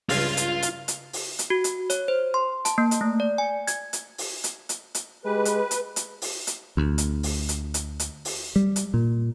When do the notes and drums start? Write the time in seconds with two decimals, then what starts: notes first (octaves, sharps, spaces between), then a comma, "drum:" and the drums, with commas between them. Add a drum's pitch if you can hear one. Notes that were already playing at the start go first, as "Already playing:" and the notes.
0.09 C#2 G2 F4 F5 G#5, drum: open hi-hat
0.37 drum: hi-hat
0.62 drum: hi-hat
0.88 drum: hi-hat
1.13 drum: open hi-hat
1.39 drum: hi-hat
1.50 F#4
1.64 drum: hi-hat
1.90 C#5, drum: hi-hat
2.08 C5
2.34 C6
2.65 A5, drum: hi-hat
2.78 A#3
2.91 drum: hi-hat
3.01 A3
3.20 D5
3.38 G#5
3.67 G#6, drum: hi-hat
3.93 drum: hi-hat
4.18 drum: open hi-hat
4.44 drum: hi-hat
4.69 drum: hi-hat
4.95 drum: hi-hat
5.25 G#3 G4 G#4 B4
5.45 drum: hi-hat
5.71 drum: hi-hat
5.96 drum: hi-hat
6.22 drum: open hi-hat
6.47 drum: hi-hat
6.77 D2
6.98 drum: hi-hat
7.23 drum: open hi-hat
7.49 drum: hi-hat
7.74 drum: hi-hat
7.99 drum: hi-hat
8.25 drum: open hi-hat
8.56 G3
8.76 drum: hi-hat
8.94 A#2